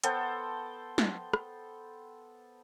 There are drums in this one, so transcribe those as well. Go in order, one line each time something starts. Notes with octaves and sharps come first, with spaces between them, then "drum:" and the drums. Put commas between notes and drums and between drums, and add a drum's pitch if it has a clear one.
B3 A4 C5 G5, drum: hi-hat
drum: snare
drum: rim click